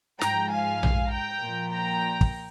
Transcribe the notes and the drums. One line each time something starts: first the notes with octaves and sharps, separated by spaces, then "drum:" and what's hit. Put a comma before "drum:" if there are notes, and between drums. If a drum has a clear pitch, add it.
G#2 F3 G5 A#5, drum: snare
F5 G#5
drum: tom A#1
G5 A#5
A#2 F3
G5 A#5
drum: kick